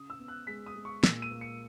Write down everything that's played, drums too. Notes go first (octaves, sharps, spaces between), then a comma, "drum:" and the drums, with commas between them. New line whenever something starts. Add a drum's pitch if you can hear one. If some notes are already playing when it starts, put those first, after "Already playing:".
Already playing: C#3 D#6
E6
B3
F#6
G#3 B6
D#6
G#3
C#6
A#2 E6, drum: snare
D#7
A#3
C#7